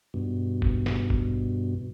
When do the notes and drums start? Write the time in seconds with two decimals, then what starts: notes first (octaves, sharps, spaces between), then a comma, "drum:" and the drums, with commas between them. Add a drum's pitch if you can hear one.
0.14 G2 B2
0.62 drum: kick F1
0.86 drum: snare
1.10 drum: kick F1